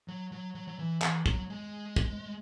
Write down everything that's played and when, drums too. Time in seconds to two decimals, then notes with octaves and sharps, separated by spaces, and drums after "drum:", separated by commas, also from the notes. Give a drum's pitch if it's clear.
0.08 F#3
0.32 F#3
0.55 F#3
0.68 F#3
0.79 E3
1.02 E3, drum: clap
1.26 F#3, drum: kick
1.50 G#3
1.96 drum: kick